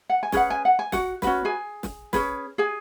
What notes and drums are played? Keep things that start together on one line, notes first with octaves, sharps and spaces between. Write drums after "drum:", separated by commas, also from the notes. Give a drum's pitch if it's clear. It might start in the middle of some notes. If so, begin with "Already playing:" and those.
F#5
G#5
C#4 G#4 B4 F#5, drum: snare
G#5
F#5
G#5
F#4 F#5, drum: snare
C#4 F#4 B4, drum: snare
G#4 G#5
drum: snare
C#4 G#4 B4, drum: snare
G#4 G#5